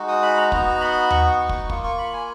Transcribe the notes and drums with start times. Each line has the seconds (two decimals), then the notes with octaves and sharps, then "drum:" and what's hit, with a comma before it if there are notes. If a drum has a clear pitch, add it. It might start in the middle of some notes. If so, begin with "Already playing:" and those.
Already playing: G#3 D#4 F#4
0.08 D#6
0.22 B5
0.37 A#5
0.52 B3 D#4 F#4 A#5, drum: kick
0.81 B5
1.10 C#6, drum: tom D#2
1.40 C#6
1.49 drum: kick
1.70 A#3 F4 C#6, drum: kick
1.84 C#6
1.98 B5
2.13 G#5